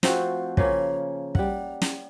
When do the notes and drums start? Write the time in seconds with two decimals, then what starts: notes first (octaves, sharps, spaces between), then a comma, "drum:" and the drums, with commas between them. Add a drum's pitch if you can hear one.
0.03 F3 A3 C4 F#4, drum: snare
0.57 C#3 F3 A#3 C#4, drum: kick
1.35 G3 F#5, drum: kick
1.82 drum: snare